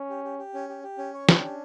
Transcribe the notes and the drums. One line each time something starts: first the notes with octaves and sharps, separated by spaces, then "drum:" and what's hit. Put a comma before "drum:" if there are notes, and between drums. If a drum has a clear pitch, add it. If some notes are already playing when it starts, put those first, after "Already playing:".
Already playing: C#4
G4
G4
G4
C#4
G4
G4
C#4
C#5
D4 G4, drum: snare
C#4